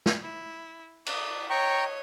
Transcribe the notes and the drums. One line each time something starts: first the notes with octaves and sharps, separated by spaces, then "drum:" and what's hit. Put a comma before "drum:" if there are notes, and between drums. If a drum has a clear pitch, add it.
drum: snare
E4
D5 D#6, drum: cymbal
C#5 D#5 G5 A#5 C#6